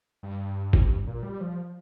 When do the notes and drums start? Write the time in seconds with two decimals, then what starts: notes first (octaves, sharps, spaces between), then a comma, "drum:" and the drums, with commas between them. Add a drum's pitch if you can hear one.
0.23 G2
0.73 drum: kick G#1
1.07 A#2
1.23 G3
1.41 F3